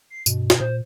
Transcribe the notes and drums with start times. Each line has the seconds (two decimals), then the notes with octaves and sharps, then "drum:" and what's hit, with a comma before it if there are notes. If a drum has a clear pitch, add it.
0.10 C7
0.26 G2 B2, drum: tambourine
0.50 drum: snare
0.60 A#2 C5